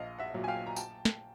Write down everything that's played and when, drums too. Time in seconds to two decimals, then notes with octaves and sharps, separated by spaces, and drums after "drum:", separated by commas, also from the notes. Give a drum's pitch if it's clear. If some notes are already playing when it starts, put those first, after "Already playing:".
Already playing: A#1 D#5 F5
0.18 E5 F#5
0.34 A#2 F#3
0.44 G#5
0.48 F5 G5
0.66 A#5
0.76 G5 A5, drum: tambourine
1.05 drum: snare